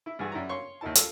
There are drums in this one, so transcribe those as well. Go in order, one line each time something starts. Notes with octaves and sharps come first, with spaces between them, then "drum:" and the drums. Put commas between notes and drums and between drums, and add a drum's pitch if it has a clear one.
E4
G2 E3 F#4 G#4
F#2 E4 D5 A#5
C#5 F5 C6 C#6
D#2 A#3 D#4 E4 A5
F4 A4, drum: hi-hat